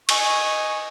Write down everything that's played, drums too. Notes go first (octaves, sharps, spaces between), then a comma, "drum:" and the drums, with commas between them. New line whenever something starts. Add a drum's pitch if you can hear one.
D#5 G#5 C#6, drum: cymbal